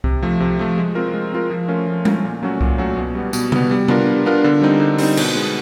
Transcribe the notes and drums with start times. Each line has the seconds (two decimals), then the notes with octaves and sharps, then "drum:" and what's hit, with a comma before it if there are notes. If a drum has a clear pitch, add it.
0.04 C3, drum: kick C2
0.23 F3 A3
0.40 C3
0.59 F3 A3
0.77 G#3
0.95 C4 F4 A#4
1.14 G#3
1.32 C4 F4 A#4
1.50 F3
1.68 A3 C#4 F4 A#4
1.87 F3
2.05 A3 C#4 F4 A#4, drum: tom G3
2.24 A#2
2.43 F#3 A3 C#4 F#4
2.61 A#2, drum: kick C2
2.78 F#3 A3 C#4 F#4
2.97 B2
3.15 G3 B3
3.33 B2, drum: tambourine
3.52 G3 B3, drum: tom C3
3.71 G3
3.88 B3 D4 F4 A#4, drum: tom C3
4.07 G3
4.26 B3 D4 F4 A#4
4.44 D3
4.61 G3 C4 D#4
4.80 D3
4.98 G3 C4 D#4, drum: open hi-hat
5.17 B2, drum: cymbal
5.35 G#3 B3